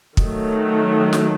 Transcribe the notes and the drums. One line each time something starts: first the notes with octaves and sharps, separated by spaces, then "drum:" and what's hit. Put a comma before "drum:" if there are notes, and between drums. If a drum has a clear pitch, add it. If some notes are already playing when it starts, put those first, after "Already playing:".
D#3 F#3 A3, drum: kick
drum: snare